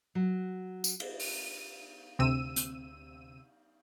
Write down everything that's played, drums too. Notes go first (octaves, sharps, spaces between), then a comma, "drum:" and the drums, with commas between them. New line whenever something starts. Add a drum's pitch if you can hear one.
F#3
drum: tambourine
drum: cymbal
drum: open hi-hat
D2 C3 C4 E6 D#7
drum: hi-hat